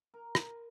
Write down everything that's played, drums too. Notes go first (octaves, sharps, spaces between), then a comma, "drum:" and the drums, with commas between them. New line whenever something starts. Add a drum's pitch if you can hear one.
A#4
drum: rim click